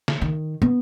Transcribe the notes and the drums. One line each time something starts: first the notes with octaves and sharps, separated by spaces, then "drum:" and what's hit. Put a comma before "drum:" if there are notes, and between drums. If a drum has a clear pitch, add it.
drum: snare
D#3
B3